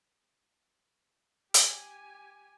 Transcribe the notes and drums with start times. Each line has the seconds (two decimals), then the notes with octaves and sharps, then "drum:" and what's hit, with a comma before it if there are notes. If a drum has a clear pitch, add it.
1.54 G4 G#5, drum: hi-hat